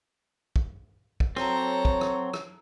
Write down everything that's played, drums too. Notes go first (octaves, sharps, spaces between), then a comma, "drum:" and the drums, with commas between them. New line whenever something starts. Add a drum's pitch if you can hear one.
drum: kick
drum: kick
F#3 C4 A4 C#5 A#5, drum: rim click
drum: kick
drum: rim click
drum: rim click